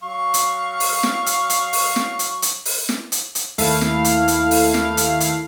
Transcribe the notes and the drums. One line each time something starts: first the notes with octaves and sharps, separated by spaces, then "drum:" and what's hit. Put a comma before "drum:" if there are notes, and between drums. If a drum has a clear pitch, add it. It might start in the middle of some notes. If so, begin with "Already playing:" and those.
F#3 F5 C#6
drum: hi-hat
drum: open hi-hat
drum: snare
drum: hi-hat
drum: hi-hat
drum: open hi-hat
drum: snare
drum: hi-hat
drum: hi-hat
drum: open hi-hat
drum: snare
drum: hi-hat
drum: hi-hat
D#2 A3 E4 F5, drum: open hi-hat
drum: snare
drum: hi-hat
drum: hi-hat
drum: open hi-hat
drum: snare
drum: hi-hat
drum: hi-hat